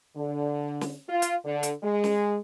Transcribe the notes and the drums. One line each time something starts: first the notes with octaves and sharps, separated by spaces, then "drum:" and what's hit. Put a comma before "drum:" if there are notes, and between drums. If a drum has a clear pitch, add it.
D3
drum: snare
F4
drum: hi-hat
D3
drum: hi-hat
G#3
drum: snare